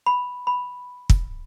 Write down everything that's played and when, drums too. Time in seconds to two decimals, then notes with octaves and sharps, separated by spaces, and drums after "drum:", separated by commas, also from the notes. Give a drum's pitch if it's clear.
0.06 B5
0.47 B5
1.10 drum: kick